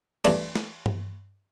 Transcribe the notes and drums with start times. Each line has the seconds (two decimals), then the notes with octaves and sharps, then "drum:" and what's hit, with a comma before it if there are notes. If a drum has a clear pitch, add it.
0.25 G2 E3 A3 D4, drum: cymbal
0.55 drum: snare
0.86 drum: tom G2